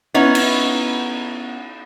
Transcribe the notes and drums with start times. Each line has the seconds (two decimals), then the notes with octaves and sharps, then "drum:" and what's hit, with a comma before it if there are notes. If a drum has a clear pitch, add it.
0.14 B3 C#4 D#4 E4
0.35 drum: cymbal